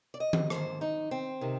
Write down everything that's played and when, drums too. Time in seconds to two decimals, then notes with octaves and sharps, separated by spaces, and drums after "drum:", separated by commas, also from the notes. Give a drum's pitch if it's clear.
0.14 D5
0.20 D#5
0.33 drum: tom D#3
0.50 G#2 F3 A#3 C5, drum: rim click
0.81 D#4
1.11 C4
1.41 C3 D#3